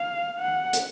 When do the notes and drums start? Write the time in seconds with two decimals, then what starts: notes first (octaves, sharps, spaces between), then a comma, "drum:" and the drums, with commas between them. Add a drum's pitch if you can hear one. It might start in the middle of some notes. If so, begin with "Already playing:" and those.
Already playing: F5
0.39 F#5
0.73 drum: hi-hat